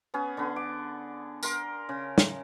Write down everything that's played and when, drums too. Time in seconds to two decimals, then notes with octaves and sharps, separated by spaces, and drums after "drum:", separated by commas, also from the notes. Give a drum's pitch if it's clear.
0.14 B3 C#4 G#4
0.37 D3 B3
0.56 D6
1.43 A#4 C6, drum: tambourine
1.89 C#3
2.18 drum: snare